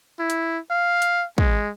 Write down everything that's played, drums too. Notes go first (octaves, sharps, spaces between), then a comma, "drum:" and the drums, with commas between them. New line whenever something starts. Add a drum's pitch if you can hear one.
E4
drum: hi-hat
F5
drum: hi-hat
G#3, drum: kick